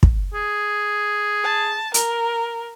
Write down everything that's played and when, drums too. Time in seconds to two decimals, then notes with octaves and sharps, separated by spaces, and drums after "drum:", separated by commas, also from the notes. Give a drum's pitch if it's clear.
0.03 drum: kick
0.33 G#4
1.43 A5
1.94 A#4, drum: hi-hat